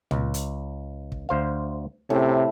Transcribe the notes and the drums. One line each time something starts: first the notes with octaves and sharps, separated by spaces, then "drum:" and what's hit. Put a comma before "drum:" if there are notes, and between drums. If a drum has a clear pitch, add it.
C#2, drum: tom
drum: hi-hat
drum: kick
D2 C5 F5
A2 C3 C#4